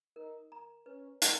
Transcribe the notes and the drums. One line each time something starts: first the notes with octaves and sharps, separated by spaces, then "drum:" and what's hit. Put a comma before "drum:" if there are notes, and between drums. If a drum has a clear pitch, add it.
D#4 A#4
A#5
C#4 B4
G5, drum: hi-hat